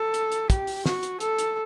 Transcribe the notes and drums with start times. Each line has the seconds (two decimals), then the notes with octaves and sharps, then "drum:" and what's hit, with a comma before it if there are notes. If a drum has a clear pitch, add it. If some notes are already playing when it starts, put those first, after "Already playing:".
Already playing: A4
0.14 drum: hi-hat
0.32 drum: hi-hat
0.50 G4, drum: kick, hi-hat
0.67 drum: open hi-hat
0.86 F#4, drum: snare
1.03 drum: hi-hat
1.20 A4, drum: hi-hat
1.39 drum: hi-hat